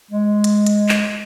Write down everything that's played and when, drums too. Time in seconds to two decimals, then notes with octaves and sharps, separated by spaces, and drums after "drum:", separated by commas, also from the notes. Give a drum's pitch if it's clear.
0.11 G#3
0.44 drum: hi-hat
0.67 drum: hi-hat
0.89 drum: clap